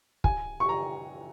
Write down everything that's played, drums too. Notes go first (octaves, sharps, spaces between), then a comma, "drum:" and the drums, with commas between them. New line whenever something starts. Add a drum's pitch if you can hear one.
G#5, drum: kick
C#6
A#5